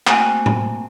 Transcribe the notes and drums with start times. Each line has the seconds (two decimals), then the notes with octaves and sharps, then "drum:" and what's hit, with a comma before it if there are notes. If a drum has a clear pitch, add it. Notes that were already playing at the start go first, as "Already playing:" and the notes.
0.07 A3 A#3 C4 F#4 G5 G#5, drum: clap
0.46 drum: tom A2